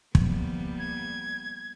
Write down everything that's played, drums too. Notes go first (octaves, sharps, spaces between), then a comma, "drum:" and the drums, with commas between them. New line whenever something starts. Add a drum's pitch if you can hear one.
F3 G3 A#3 B3, drum: kick
G#6